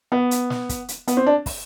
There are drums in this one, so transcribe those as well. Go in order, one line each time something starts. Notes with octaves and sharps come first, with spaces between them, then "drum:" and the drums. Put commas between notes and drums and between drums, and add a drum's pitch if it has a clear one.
B3
drum: hi-hat
drum: snare
drum: kick, hi-hat
drum: hi-hat
B3, drum: hi-hat
C4
D4
drum: kick, open hi-hat